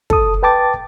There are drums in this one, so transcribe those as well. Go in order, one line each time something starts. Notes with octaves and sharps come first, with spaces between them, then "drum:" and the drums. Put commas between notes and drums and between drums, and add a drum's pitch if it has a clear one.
A4 D#6, drum: kick
B4 G5 A5 D6 A6